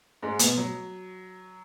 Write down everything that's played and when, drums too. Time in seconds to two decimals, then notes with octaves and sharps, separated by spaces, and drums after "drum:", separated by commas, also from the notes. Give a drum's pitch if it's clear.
0.23 G#2 G#3
0.39 B2 B3, drum: hi-hat
0.57 F#3